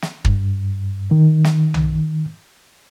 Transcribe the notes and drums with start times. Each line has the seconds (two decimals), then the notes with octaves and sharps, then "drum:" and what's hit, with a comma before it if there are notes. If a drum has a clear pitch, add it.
0.02 drum: snare
0.25 G2, drum: kick
1.11 D#3
1.44 drum: snare
1.74 drum: tom B1